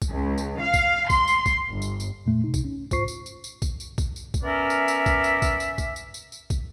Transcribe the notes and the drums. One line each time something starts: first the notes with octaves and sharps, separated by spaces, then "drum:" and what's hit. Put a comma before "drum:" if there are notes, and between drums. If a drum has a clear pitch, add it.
drum: kick, tambourine
C#2
drum: tambourine
F5
drum: kick, tambourine
C6, drum: kick, tambourine
drum: tambourine
drum: kick, tambourine
G1
drum: tambourine
drum: tambourine
F2 A#2 A3
C3 D#4
drum: kick, tambourine
C#4
A#1 G#2 F4 C5 C#6 C7, drum: kick, tambourine
drum: tambourine
drum: tambourine
drum: tambourine
drum: kick, tambourine
drum: tambourine
drum: kick, tambourine
drum: tambourine
drum: kick, tambourine
B3 C#4 A#4 D5 E5
drum: tambourine
drum: tambourine
drum: kick, tambourine
drum: tambourine
drum: kick, tambourine
drum: tambourine
drum: kick, tambourine
drum: tambourine
drum: tambourine
drum: tambourine
drum: kick, tambourine